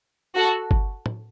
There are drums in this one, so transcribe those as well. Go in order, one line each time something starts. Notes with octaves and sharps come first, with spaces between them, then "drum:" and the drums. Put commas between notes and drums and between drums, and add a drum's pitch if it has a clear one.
F#4 A4
drum: kick G1
drum: tom